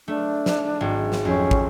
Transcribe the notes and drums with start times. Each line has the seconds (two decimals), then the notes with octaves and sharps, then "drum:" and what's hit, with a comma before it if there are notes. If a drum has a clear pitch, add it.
0.08 A3 D4
0.46 drum: snare
0.81 G#1
1.12 drum: snare
1.25 F2 C#4
1.51 drum: kick